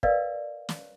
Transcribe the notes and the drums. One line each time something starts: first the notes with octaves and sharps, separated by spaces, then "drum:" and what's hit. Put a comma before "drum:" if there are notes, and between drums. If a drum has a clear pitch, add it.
A#4 B4 D5 D#5 F5, drum: kick
drum: snare